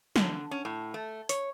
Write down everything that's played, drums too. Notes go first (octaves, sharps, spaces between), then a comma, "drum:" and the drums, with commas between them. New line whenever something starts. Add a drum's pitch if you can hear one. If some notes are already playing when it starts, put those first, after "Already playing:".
D3, drum: snare
C#4
A2
A3
C#5, drum: hi-hat